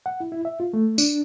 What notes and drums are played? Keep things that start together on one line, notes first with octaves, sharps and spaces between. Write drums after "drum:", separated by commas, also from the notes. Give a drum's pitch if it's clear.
F#5
E4
E4
E5
F4
A3
D4, drum: tambourine